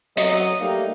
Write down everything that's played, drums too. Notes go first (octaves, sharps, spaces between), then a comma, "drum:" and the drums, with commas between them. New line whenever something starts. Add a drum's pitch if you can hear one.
F#3 D#5, drum: hi-hat
G3 A3 A#3 D#4 G4